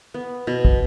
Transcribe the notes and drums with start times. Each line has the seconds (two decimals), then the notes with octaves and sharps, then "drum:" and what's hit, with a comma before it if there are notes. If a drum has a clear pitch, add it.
0.14 B3
0.47 B2
0.65 drum: kick